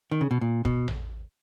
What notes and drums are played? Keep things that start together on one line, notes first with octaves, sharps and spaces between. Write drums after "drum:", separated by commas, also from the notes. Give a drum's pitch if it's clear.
D#3
C#3
B2
A#2
B2, drum: kick
drum: tom A1